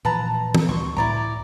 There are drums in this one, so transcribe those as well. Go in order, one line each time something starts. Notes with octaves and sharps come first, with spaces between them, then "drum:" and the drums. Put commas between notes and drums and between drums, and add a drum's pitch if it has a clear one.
A#2 E3 F3 B4 A5 A#5
drum: tom
D2 G3 C6 C#6
C#2 A2 E4 D5 A#5